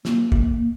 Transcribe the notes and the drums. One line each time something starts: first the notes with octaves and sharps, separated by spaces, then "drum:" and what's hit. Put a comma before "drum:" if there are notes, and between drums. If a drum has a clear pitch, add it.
A#3, drum: snare
drum: kick